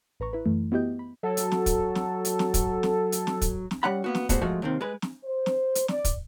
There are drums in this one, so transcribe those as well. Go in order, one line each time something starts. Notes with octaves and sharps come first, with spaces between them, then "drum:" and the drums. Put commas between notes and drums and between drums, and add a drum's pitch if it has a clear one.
A1 B4 A#5 C#6
E4 B4
F#2 E3 A3
B3 E4 F#4 G4 D#5 G6
B5
F#3 A4
drum: hi-hat
drum: snare
drum: kick, hi-hat
drum: snare
drum: hi-hat
drum: snare
drum: kick, hi-hat
drum: snare
drum: hi-hat
drum: snare
drum: kick, hi-hat
drum: snare
G3 C#4 F#5 B5
A#3 B3 F#4
drum: snare
G3 A3 B3 F#4 G#4 C5, drum: kick, hi-hat
F3 G#3 A3 F#4
D#2 C3 D#3 C4
G#3 B4
drum: snare
C5
drum: snare
drum: hi-hat
D5, drum: snare
drum: kick, hi-hat